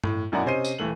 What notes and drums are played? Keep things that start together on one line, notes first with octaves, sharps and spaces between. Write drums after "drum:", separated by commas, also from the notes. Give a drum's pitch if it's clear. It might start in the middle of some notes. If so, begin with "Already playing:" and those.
A2, drum: tom G2
B1 F#2 E4 D5 F#5 A#5
C3 C#4 C5 D#5 C7 D#7
drum: tambourine
D#1 E3 A3 F#7